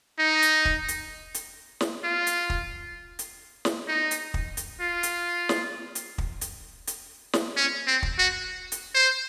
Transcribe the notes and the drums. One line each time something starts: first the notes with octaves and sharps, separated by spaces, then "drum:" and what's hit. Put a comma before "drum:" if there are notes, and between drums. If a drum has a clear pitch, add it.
D#4
drum: hi-hat
drum: kick
drum: hi-hat
drum: hi-hat
drum: snare
F4
drum: hi-hat
drum: kick
drum: hi-hat
drum: snare
D#4
drum: hi-hat
drum: kick
drum: hi-hat
F4
drum: hi-hat
drum: snare
drum: hi-hat
drum: kick
drum: hi-hat
drum: hi-hat
drum: snare
C#4
C4
drum: kick
F#4
drum: hi-hat
C5